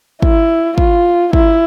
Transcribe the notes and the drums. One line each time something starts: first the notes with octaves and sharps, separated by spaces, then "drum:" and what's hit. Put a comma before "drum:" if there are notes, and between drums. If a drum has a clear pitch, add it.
E4, drum: kick
F4, drum: kick
E4, drum: kick